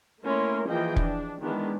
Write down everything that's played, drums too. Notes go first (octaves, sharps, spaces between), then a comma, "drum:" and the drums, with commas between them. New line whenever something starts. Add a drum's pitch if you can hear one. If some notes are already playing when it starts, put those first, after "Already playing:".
A3 A#3 C#4 E4 A#4 C6
E3 F3 A#3 G#4 D#5 G5
D4, drum: kick
D#3 E3 G#3 B3 D4